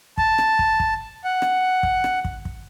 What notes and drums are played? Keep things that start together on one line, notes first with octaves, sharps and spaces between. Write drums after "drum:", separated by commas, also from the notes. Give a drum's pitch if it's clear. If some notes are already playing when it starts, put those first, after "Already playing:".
A5, drum: kick
drum: rim click
drum: kick
drum: kick
F#5
drum: rim click
drum: kick
drum: rim click
drum: kick
drum: kick